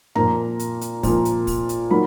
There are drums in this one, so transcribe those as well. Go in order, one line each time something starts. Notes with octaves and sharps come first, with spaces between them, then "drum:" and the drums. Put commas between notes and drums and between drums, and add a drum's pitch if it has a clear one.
A#2 F3 A#3 A#5, drum: tom F#2
drum: hi-hat
drum: hi-hat
A#2 F3 A#3, drum: kick, open hi-hat
drum: hi-hat
drum: kick, open hi-hat
drum: hi-hat
D#3 F#3 A#3 B5